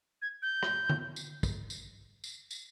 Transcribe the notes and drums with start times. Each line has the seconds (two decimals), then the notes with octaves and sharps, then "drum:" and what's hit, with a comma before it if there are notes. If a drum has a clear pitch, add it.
0.22 G#6
0.42 G6
0.63 drum: rim click
0.89 drum: tom D3
1.16 drum: tambourine
1.43 drum: kick, tambourine
1.70 drum: tambourine
2.24 drum: tambourine
2.51 drum: tambourine